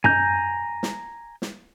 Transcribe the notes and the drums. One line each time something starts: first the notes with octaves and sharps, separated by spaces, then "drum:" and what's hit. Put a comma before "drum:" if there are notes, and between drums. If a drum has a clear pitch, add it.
G#5 A#5 G6, drum: tom F#2
drum: snare
drum: snare